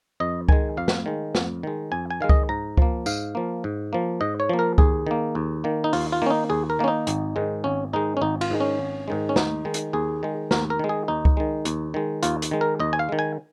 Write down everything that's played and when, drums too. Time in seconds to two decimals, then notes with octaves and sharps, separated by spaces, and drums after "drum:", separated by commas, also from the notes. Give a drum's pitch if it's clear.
0.20 F2 D#5
0.49 D#3 G#3 G#5, drum: kick C#2
0.77 F2 F5
0.88 drum: snare
1.06 D#3 G#3
1.35 F2, drum: snare
1.63 D#3 G#3
1.92 F2 G#5
2.10 G#5
2.21 D#3 G#3 F5
2.29 D#5, drum: kick C#2
2.49 G#2 A#5
2.77 F3 A#3, drum: kick C#2
3.06 G#2 F5, drum: tambourine
3.35 F3 A#3
3.64 G#2
3.93 F3 A#3
4.21 G#2 D#5
4.40 C#5
4.49 F3 A#3
4.59 A#4
4.78 D#2 G#4, drum: kick C#2
5.07 D#3 A#3
5.35 D#2
5.64 D#3 A#3
5.84 D#4
5.93 D#2 F4, drum: open hi-hat
6.12 F4
6.22 D#3 A#3 C#4
6.30 D#4
6.50 D#2 G#4
6.70 A#4
6.79 D#3 A#3 C#4
6.88 D#4
7.07 G#1, drum: hi-hat
7.36 G#2 D#3 G#3
7.64 G#1 C#4
7.93 G#2 D#3 G#3 D#4
8.17 C#4
8.21 G#1 D#4
8.41 F4, drum: cymbal
8.50 G#2 D#3 G#3
8.60 C#4
8.79 G#1
9.08 G#2 D#3 G#3
9.29 C#4
9.36 D#2 D#4, drum: snare
9.65 D#3 G#3
9.74 drum: hi-hat
9.93 D#2 G#4
10.23 D#3 G#3
10.51 D#2 A#4, drum: snare
10.70 A#4
10.79 D#3 G#3
10.89 G#4
11.08 D#2 D#4
11.25 drum: kick C#2
11.37 D#3 G#3
11.65 D#2, drum: hi-hat
11.94 D#3 G#3
12.23 D#2 F4, drum: hi-hat
12.42 drum: hi-hat
12.51 D#3 G#3
12.61 A#4
12.80 D#2 D#5
12.93 G#5
12.99 F5
13.09 D#3 G#3
13.19 G#5